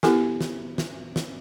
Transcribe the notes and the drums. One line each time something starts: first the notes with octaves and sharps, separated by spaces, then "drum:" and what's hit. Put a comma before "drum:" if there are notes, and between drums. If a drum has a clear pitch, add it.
B3 E4 G4 A4 A#4 G#5, drum: snare
drum: snare
drum: snare
drum: snare